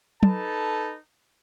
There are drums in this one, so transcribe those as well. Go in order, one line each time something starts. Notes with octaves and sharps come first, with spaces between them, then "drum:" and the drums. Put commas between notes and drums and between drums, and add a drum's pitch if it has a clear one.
D#4 A4 B4 A5, drum: tom